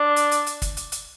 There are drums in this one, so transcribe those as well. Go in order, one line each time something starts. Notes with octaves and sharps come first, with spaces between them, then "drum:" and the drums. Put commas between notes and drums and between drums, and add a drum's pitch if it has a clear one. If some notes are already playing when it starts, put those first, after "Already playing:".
Already playing: D4
drum: hi-hat
drum: hi-hat
drum: hi-hat
drum: kick, hi-hat
drum: hi-hat
drum: hi-hat